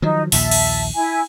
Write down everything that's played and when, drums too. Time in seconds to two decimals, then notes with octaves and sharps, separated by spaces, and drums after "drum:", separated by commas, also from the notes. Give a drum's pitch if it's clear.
0.02 D#3 F3 F#3 D#4
0.32 A#1 D#2 A#2 E5 A5, drum: open hi-hat
0.51 drum: cymbal
0.95 E4 G#5